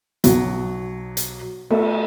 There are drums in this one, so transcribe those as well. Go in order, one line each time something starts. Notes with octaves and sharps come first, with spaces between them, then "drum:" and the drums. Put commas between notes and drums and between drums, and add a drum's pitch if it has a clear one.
B1 F#3, drum: hi-hat
drum: hi-hat
A3, drum: cymbal